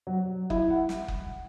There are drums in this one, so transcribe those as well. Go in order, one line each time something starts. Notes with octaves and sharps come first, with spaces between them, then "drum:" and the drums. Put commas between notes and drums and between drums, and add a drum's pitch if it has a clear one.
F#3
E4, drum: kick F#1
F#5
drum: snare
drum: kick F#1